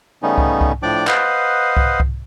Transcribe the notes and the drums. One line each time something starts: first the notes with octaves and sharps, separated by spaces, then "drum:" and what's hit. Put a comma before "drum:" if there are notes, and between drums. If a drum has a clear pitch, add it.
C#3 G3 A3 B3 C#4 D#4
drum: kick C2
drum: kick C2
A2 F3 D4 D5 G5 D6
B4 C5 D#5 F5 F#5, drum: clap
drum: kick C2
drum: kick C2